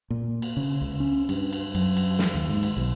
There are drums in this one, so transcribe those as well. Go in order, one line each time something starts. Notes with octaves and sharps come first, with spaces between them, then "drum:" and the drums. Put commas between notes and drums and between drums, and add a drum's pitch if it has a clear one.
A#2
drum: cymbal
C#3
C#2
C#4
G2, drum: cymbal
drum: cymbal
F#2, drum: cymbal
drum: cymbal
drum: snare
D#2
G#2
drum: cymbal
B1